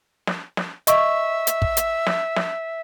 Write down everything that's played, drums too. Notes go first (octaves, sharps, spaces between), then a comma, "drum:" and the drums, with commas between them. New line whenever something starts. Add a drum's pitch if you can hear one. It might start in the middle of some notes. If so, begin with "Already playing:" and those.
drum: snare
drum: snare
D#5 E5 C#6, drum: hi-hat
drum: hi-hat
drum: kick
drum: hi-hat
drum: snare
drum: snare